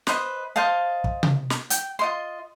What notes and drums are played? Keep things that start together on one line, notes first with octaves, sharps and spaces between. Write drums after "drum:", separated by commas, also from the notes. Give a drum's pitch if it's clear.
B4 C5 D#5, drum: snare
C5 D#5 F5 A5
drum: kick
drum: tom C3
drum: snare
G5, drum: hi-hat
F4 D#5 C6